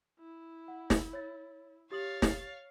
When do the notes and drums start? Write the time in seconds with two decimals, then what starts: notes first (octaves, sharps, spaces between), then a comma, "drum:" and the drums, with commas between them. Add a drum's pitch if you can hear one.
0.19 E4
0.68 F#5
0.90 drum: snare
1.13 C#5 A6
1.91 G4 C#5 F5 D#6 A6 F#7
2.22 drum: snare